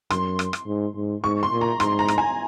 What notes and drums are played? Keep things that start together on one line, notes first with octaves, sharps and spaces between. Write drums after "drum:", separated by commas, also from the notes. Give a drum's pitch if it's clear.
F#2 C6, drum: rim click
drum: rim click
drum: rim click
G#2
G#2
G#2 C#6
C6
A#2
A#5
G#2 C6, drum: rim click
A#5
drum: rim click
G#5